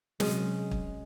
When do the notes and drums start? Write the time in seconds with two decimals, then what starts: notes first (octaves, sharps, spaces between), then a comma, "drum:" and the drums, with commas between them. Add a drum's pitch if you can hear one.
0.20 C3 F#3 G#3 C#4, drum: snare
0.71 drum: kick